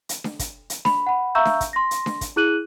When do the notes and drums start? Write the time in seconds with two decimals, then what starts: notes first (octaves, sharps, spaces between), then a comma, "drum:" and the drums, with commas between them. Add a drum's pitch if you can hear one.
0.09 drum: hi-hat
0.24 drum: snare D4
0.39 drum: kick, hi-hat
0.70 drum: hi-hat
0.85 B5, drum: snare D4
1.07 F#5 B5
1.35 E5 F5 A#5 C#6 E6 G6
1.45 drum: snare D4
1.61 drum: kick, hi-hat
1.73 C6 A#6
1.91 drum: hi-hat
2.06 drum: snare D4
2.21 drum: kick, hi-hat
2.36 E4 G#4 F#6 D#7 F#7